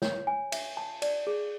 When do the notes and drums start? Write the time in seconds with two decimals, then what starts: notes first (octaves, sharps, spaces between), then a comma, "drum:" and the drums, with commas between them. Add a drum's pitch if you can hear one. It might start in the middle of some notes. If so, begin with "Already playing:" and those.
0.02 C#5, drum: snare
0.27 G#5
0.52 E5, drum: cymbal
0.77 A5
1.02 D5, drum: cymbal
1.27 G#4